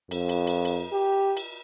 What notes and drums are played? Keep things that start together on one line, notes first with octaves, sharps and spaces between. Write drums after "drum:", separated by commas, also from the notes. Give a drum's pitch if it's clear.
F2, drum: cymbal
drum: cymbal
drum: cymbal
drum: cymbal
G4
drum: cymbal